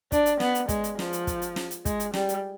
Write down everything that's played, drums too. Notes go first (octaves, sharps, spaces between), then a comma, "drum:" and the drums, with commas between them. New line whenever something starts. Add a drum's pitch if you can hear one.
D4, drum: kick, hi-hat
drum: hi-hat
B3, drum: snare
drum: hi-hat
G#3, drum: kick, hi-hat
drum: hi-hat
F3, drum: snare
drum: hi-hat
drum: kick, hi-hat
drum: hi-hat
drum: snare
drum: hi-hat
G#3, drum: kick, hi-hat
drum: hi-hat
G3, drum: snare
drum: hi-hat